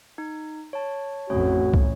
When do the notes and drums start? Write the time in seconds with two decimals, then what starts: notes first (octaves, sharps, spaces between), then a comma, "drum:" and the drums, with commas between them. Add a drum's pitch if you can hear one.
0.18 D#4
0.73 C#5 A5
1.30 A1 F2 A3 C#4 F#4 C#5
1.74 drum: kick